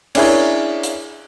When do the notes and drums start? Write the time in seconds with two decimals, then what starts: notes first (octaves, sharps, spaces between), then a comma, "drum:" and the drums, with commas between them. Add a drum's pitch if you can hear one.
0.15 C#4 D4 E4 G#4 A#4 C#5, drum: cymbal
0.83 drum: hi-hat